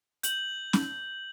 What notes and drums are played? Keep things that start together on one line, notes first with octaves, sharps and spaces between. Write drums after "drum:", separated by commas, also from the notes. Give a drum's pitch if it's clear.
G6 F#7, drum: hi-hat
drum: snare